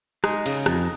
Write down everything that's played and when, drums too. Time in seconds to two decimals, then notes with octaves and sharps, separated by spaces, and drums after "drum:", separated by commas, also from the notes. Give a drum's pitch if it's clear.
0.24 G#3 D#4, drum: rim click
0.46 C#3, drum: cymbal
0.66 F2, drum: rim click